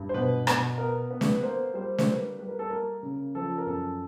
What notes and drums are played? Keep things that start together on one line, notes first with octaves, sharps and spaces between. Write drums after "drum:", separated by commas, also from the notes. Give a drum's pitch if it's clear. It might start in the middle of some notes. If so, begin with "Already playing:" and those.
Already playing: G2
C5
B2 B4
B2, drum: rim click
B3 A#4
B3
B4, drum: snare
A#3 C5
G3 C5
C5, drum: snare
A#3 B4
G3 B4
A#4
A4
A#3 A#4
C#3
F3 A4
A#4
F#2 A4